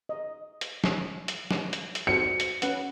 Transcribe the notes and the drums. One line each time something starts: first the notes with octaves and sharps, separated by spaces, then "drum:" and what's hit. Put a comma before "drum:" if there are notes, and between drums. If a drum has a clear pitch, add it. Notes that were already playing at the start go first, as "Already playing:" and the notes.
D#5
drum: hi-hat
drum: snare
drum: hi-hat
drum: snare
drum: hi-hat
drum: hi-hat
F#4 C5 D5 C#7
drum: hi-hat
C#4 B4 F#5, drum: hi-hat